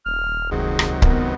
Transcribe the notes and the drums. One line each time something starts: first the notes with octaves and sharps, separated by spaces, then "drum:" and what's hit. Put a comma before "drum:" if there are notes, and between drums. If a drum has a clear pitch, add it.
D#1 F6
C#2 C3 D#3 F#3 G#4
drum: rim click
B3 A#4, drum: kick C#1